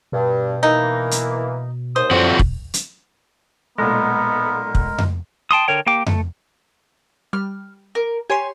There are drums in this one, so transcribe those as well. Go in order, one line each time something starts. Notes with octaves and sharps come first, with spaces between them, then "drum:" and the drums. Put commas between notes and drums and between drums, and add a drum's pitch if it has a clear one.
G2 B2
E3 A#3 D#4
drum: hi-hat
D#2 C5 D#6
F#2 A2 C3 F3 G3 C4 F#4
drum: kick
drum: hi-hat
B1 A#2 G#3 A3 B3 A#4
drum: kick
drum: tom F2
G5 A5 C6 D#6
D3 A#4 C#5 G5
A#3 G4 G5 D6
A3, drum: tom F2
G3 F6
A#4
G4 C#5 G#5 C6